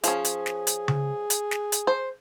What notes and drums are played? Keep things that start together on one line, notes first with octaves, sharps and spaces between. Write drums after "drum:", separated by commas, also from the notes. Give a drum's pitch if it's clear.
F3 C#4 G#4, drum: hi-hat
drum: hi-hat
drum: snare
drum: hi-hat
drum: tom C#3
drum: hi-hat
drum: snare
drum: hi-hat
C5